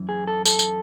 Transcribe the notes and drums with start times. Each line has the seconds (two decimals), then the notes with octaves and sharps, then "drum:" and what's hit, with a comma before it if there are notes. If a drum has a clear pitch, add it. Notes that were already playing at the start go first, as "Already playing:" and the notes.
Already playing: F#2 E3
0.09 G#4
0.27 A4
0.45 A4, drum: tambourine
0.59 drum: tambourine